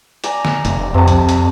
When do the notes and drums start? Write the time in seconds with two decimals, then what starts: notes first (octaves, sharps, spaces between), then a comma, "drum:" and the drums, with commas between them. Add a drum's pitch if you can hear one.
0.24 D5 G#5 A#5, drum: hi-hat
0.45 drum: snare
0.65 F1, drum: hi-hat
0.94 F2 C3 A5
1.08 drum: kick, hi-hat
1.29 drum: hi-hat